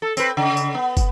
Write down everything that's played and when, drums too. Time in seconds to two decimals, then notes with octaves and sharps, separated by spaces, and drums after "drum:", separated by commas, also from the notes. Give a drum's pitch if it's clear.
0.02 A4
0.17 C4 B4, drum: tambourine
0.37 C#3
0.57 drum: tambourine
0.75 B3
0.97 drum: kick, tambourine